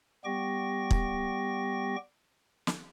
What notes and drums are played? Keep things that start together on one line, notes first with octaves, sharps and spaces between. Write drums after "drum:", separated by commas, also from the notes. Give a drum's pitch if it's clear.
G3 B3 G4 G5 C#6 A#6
drum: kick
drum: snare